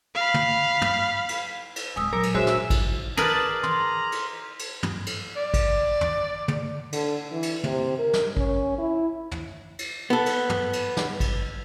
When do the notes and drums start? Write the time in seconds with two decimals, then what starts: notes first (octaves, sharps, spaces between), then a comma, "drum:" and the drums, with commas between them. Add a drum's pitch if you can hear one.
0.15 F5 B5
0.34 drum: tom
0.81 drum: tom
1.29 drum: cymbal
1.76 drum: cymbal
1.96 D1 G#3 G#5 D#6 E6
2.13 A#2 F#3 A#4
2.23 drum: cymbal
2.35 G#3 D4 F#4 C5 C#5 E5
2.47 drum: snare
2.70 drum: kick G#1, cymbal
3.18 G#4 A#4 B4 D5 A5 F6 F#7, drum: tom
3.63 A#5 C6, drum: tom
4.12 drum: cymbal
4.59 drum: cymbal
4.83 drum: tom
5.06 drum: cymbal
5.36 D5
5.54 drum: kick G#1, cymbal
6.01 drum: tom
6.48 drum: tom
6.92 D3, drum: cymbal
7.32 E3
7.43 drum: cymbal
7.64 C3, drum: tom
7.99 A#4
8.13 drum: snare
8.37 C#4, drum: kick G#1
8.78 E4
9.31 drum: tom
9.79 drum: cymbal
10.10 B3 A4
10.26 drum: cymbal
10.50 drum: tom
10.73 drum: cymbal
10.97 drum: snare
11.20 drum: kick G#1, cymbal